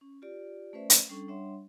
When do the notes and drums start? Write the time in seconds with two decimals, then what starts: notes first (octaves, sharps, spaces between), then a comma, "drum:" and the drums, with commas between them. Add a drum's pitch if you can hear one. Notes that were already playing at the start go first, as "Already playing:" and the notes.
0.01 C#4
0.22 F4 G4 D5
0.73 A3 C#4 B4 C5 D5 E5
0.90 drum: hi-hat
1.09 G3 C#4 D4 A4 C#6
1.28 G3 D4 C#5 E5 F#5 C6